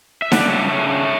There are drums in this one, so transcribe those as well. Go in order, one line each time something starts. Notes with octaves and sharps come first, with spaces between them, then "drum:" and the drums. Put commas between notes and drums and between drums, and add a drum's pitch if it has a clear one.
E5
C#3 G3 D4 D5 F#5, drum: snare D#4
C#5 E5
C#3 G3 D4 C#5 E5